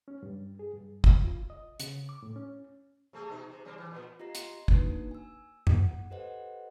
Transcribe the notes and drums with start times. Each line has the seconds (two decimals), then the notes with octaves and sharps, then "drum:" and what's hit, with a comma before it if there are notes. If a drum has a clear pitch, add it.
0.08 C#4
0.23 G2
0.59 G#4
0.74 G2
1.04 F2, drum: kick
1.24 F4
1.50 D#5
1.80 C#3, drum: hi-hat
2.09 D6
2.22 A2
2.36 C#4
3.13 C3 A3 G#4
3.29 B2 D#4
3.48 C3
3.65 C3 G3 C4
3.78 E3
3.91 A#2 B3
4.20 F4 G4 D#5 A#5 A#6 C7
4.35 C6, drum: hi-hat
4.68 A#3 D4 D#4 F#4 B4, drum: kick
5.11 G#5 E6
5.67 F#5, drum: tom F#2
6.10 G4 A4 B4 C5 D#5 F#5